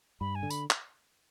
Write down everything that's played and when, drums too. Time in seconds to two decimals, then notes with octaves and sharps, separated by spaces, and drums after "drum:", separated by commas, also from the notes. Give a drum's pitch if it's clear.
0.21 G2 B5
0.35 G#5
0.43 D3
0.50 B5, drum: tambourine
0.70 drum: clap